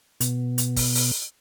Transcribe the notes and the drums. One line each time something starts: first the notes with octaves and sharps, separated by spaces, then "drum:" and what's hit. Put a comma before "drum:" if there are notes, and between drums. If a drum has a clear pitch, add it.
B2, drum: hi-hat
drum: hi-hat
drum: kick, open hi-hat
drum: open hi-hat